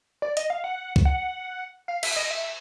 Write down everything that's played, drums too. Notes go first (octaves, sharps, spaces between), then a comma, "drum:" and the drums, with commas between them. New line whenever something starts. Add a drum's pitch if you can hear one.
D5
D#5, drum: hi-hat
F5
F#5
drum: kick
F#5
F5
E5, drum: cymbal
D#5
E5